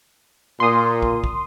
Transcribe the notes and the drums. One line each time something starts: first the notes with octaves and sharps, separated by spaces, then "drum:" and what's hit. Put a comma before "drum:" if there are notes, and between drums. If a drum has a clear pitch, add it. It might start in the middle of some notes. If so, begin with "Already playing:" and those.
A#2 C6 D#6
drum: kick
drum: kick